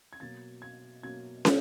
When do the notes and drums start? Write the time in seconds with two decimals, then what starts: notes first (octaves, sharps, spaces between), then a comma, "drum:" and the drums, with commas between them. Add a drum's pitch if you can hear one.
0.13 G#6
0.20 B2 F#3 A#3 A6
0.62 G#6
1.03 B2 F#3 A#3 G#6
1.45 G6, drum: snare